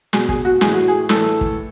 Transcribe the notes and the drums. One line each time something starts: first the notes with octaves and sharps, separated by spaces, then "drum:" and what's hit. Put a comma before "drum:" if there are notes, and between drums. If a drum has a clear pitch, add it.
B2 G#4, drum: snare
G#4, drum: kick
F#4
A2 E3 G#4, drum: snare
F#4
G#4
A2 E3 A4, drum: snare
drum: kick